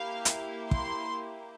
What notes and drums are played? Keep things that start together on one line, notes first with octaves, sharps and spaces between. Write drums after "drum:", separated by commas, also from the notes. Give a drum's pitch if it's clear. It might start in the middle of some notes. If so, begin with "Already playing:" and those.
Already playing: A#3 E4 G4 F5
drum: hi-hat
C6, drum: kick